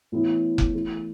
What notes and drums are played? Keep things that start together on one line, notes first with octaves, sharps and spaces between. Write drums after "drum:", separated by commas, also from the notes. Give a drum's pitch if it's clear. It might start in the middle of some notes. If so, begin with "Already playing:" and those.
A2 E3 B3 E4
drum: kick F1
E3 A3 E4